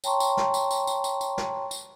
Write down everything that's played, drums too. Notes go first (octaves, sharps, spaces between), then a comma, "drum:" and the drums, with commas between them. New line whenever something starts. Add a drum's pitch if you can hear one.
C#5 G5 A5 A#5 C6 C#6, drum: tambourine
drum: tambourine
drum: snare
drum: tambourine
drum: tambourine
drum: tambourine
drum: tambourine
drum: tambourine
drum: snare
drum: tambourine